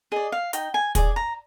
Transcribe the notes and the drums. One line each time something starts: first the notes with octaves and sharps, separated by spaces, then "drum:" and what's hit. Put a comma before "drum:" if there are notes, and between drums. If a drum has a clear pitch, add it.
G#4 D5 D#5
F5
D#4 G5, drum: hi-hat
G#5
G#4 D5 G#5, drum: kick, hi-hat
A#5